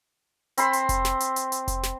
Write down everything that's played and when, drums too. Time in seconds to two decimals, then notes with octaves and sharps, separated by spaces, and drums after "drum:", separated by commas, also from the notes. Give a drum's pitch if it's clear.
0.57 C4 B5 C6, drum: hi-hat
0.73 drum: hi-hat
0.89 drum: kick F1, hi-hat
1.05 drum: snare
1.20 drum: hi-hat
1.36 drum: hi-hat
1.52 drum: hi-hat
1.68 drum: kick F1, hi-hat
1.83 drum: snare